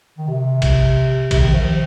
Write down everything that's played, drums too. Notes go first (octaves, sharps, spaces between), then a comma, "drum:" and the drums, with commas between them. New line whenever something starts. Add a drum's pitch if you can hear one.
D#3
C3
drum: kick, cymbal
C3, drum: kick, cymbal
D#3
F3
D#3